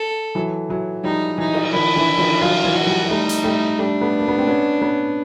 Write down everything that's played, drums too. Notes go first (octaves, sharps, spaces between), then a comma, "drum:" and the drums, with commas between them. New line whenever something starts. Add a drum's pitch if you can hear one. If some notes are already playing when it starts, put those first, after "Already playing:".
Already playing: A4
E3 F#3
E3 F#3
F3 G3 D#4
E3 F#3 D#4
drum: cymbal
D#3 F3 E4
D3 E3
D#3 F3, drum: cymbal
E3 F#3 F4
E3 F#3
F#4
F3 G3
G3 A3 D#4
drum: hi-hat
G3 A3
G3 A3 D4
A3 B3
A#3
B3
C4
B3 C#4
B3 C#4